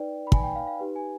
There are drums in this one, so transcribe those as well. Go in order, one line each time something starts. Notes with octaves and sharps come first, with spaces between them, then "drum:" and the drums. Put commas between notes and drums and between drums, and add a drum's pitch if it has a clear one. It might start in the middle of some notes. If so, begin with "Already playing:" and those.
Already playing: D#4 B4 D5 G5
B5
G#5, drum: kick
G5
F5
F5
D#4 G4 B4
G#5